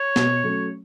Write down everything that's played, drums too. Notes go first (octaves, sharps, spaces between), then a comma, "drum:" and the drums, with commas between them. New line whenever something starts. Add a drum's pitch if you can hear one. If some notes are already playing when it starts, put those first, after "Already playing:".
Already playing: C#5
B2, drum: snare
F#3 A3 C#4